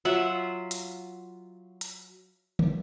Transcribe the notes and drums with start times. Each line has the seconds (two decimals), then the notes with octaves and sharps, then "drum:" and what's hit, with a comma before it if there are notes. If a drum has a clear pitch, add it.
0.05 F#3 F4 E5 F#5
0.71 drum: hi-hat
1.81 drum: hi-hat
2.59 drum: tom D3